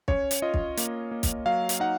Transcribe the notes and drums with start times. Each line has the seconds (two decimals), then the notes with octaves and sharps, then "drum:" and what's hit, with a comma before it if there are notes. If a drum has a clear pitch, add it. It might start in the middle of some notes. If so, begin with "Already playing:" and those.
0.08 C#4 C#5, drum: kick
0.31 drum: hi-hat
0.42 F4 D#5
0.54 drum: kick
0.77 A#3, drum: hi-hat
1.11 A#3
1.23 drum: kick, hi-hat
1.46 F#3 F5
1.69 drum: hi-hat
1.80 D#4 F#5